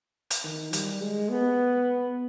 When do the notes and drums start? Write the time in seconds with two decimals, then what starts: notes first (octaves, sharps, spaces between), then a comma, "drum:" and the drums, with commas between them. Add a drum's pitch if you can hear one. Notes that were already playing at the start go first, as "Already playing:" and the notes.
0.31 drum: hi-hat
0.44 D#3
0.73 G3, drum: hi-hat
1.02 G#3
1.30 B3